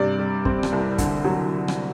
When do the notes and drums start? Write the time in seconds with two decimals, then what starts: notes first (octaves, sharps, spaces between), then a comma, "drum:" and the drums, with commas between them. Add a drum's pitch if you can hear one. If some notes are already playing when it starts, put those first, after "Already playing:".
Already playing: G2 C3 D5
0.19 G3
0.45 C4, drum: kick
0.63 drum: rim click
0.72 C2
0.98 D3, drum: kick, hi-hat
1.25 F#3
1.68 drum: rim click